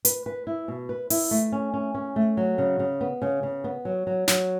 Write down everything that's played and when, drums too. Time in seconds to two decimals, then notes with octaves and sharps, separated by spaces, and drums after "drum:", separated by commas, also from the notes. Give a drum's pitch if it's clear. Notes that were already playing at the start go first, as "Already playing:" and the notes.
0.05 B4, drum: hi-hat
0.26 B4
0.47 E4
0.68 B2
0.89 B4
1.10 E4, drum: open hi-hat
1.31 A3
1.52 C#4
1.74 C#4
1.94 C#4
2.16 A3
2.37 F#3
2.58 C#3
2.79 C#3
3.01 B3
3.22 C#3
3.43 C#3
3.64 B3
3.85 F#3
4.07 F#3
4.28 F#3, drum: snare